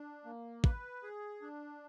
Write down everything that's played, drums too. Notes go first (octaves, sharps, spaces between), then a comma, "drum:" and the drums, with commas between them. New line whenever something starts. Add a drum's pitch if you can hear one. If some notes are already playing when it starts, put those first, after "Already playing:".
Already playing: D4
A#3
B4, drum: kick
G#4
D4